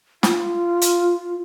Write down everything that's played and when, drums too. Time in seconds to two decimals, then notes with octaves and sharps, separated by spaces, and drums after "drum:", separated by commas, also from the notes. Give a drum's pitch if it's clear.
0.23 F4, drum: snare
0.82 drum: hi-hat